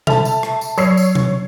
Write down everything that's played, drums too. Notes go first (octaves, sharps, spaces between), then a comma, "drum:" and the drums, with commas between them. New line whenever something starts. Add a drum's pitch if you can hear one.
A4 E5 A5, drum: tom B2
drum: tambourine
drum: rim click
drum: tambourine
F#3 C#5 E6 C7, drum: tambourine
drum: tambourine
drum: tom B2